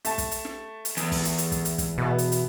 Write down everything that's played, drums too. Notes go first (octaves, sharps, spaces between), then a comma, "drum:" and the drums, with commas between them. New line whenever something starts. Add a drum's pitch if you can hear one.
A3 A5, drum: hi-hat
drum: kick, hi-hat
drum: hi-hat
drum: snare
drum: hi-hat
E2, drum: hi-hat
drum: kick, open hi-hat
drum: hi-hat
drum: hi-hat
drum: kick, hi-hat
drum: hi-hat
drum: kick, hi-hat
B2 B3 E4
drum: hi-hat
drum: hi-hat